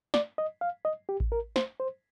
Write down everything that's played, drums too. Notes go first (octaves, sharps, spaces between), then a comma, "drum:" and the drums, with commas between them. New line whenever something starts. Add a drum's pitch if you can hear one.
D5, drum: snare
D#5
F5
D#5
G4
drum: kick A1
A#4
C5, drum: snare
C5